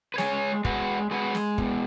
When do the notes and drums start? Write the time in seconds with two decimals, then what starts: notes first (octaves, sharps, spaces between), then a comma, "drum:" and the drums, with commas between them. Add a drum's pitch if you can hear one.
0.14 B4
0.18 G#3 G#4 C#5, drum: snare
0.65 G#3 F#4 B4, drum: kick
1.11 G#3 F#4 B4
1.35 drum: snare
1.58 B2, drum: kick